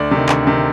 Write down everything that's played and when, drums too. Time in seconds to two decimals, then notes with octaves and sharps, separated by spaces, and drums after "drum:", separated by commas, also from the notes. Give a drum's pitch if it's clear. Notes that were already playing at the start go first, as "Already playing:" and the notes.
Already playing: D2 D5
0.11 C3 D#3
0.29 D2, drum: clap
0.47 C3 D#3